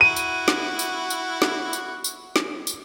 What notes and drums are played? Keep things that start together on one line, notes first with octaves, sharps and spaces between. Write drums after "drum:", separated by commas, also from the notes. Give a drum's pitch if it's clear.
E4 F#4 D#7
drum: tambourine
drum: snare
drum: tambourine
drum: tambourine
drum: snare
drum: tambourine
drum: tambourine
drum: snare
drum: tambourine